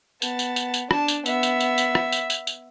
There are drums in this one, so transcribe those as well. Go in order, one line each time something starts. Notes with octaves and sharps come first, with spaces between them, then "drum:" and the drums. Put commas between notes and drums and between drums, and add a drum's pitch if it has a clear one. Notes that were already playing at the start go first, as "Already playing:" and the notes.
B3 A5, drum: tambourine
drum: tambourine
drum: tambourine
drum: tambourine
D4 A5, drum: rim click
drum: tambourine
B3 E5, drum: tambourine
drum: tambourine
drum: tambourine
drum: tambourine
drum: rim click
drum: tambourine
drum: tambourine
drum: tambourine